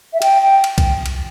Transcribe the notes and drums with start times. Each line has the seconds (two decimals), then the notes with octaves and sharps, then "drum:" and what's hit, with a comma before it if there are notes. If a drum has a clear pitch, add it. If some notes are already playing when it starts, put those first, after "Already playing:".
0.13 E5
0.22 G5, drum: cymbal
0.42 G5
0.64 drum: cymbal
0.78 drum: kick B1, cymbal
1.06 drum: cymbal